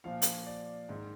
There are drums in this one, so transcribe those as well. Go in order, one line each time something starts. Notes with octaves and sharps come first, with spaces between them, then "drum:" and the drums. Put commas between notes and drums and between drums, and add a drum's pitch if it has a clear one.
A#2 F3 F5
drum: hi-hat
D5
G#2 D#3